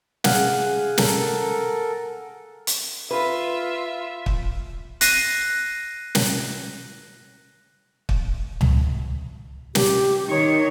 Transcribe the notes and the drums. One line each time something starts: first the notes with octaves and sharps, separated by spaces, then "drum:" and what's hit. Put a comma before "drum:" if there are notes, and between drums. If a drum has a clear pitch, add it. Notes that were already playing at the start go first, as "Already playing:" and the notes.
G#4 F5 F#5, drum: snare
A4 A#4, drum: snare
drum: hi-hat
F4 B4 E5
drum: kick
F#6 A#6 C7 D#7, drum: hi-hat
drum: snare
drum: kick
drum: tom C#2
G4, drum: snare
D#3 D#4 C#5